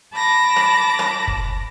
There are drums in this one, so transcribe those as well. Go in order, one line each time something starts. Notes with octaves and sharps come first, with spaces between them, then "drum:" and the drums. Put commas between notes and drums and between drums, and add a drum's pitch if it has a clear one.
A5 B5 D6 A#6
drum: rim click
drum: rim click
drum: kick